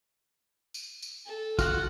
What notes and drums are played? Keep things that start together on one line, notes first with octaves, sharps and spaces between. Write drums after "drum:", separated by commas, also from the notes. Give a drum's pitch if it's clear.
drum: tambourine
drum: tambourine
A4
F4 F#4 F#5, drum: kick, tambourine